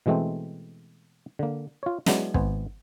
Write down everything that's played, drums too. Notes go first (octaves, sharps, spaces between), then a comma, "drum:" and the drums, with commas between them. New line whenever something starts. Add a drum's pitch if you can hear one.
B2 E3 G#3 A3 C4
D3 A#3
F4 C#5
F#3 G#3 B3 D4 E4, drum: snare
G#1 B3 C5 G#5, drum: kick